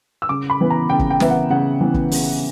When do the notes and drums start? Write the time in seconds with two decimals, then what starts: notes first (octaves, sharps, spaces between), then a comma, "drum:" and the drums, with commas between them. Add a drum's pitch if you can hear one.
0.22 E6
0.29 C#3 D6
0.50 B5
0.61 E3 B3
0.70 A#5
0.90 C#3 G5
0.99 drum: kick
1.11 G5
1.20 E3 B3 E5, drum: snare
1.30 F#5
1.50 C#3 F#5
1.81 E3 B3
1.94 drum: kick
2.11 C#3, drum: open hi-hat